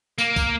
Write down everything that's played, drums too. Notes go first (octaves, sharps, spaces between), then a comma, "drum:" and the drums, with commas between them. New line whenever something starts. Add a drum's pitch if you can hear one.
A#3, drum: tambourine
drum: kick B1, tambourine